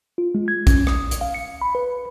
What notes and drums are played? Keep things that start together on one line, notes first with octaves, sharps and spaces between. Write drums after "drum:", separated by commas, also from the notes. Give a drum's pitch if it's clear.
F4
G#3
G#6
C#4, drum: kick A#1, hi-hat
D#6, drum: rim click
drum: hi-hat
F5
C#7
B5
B4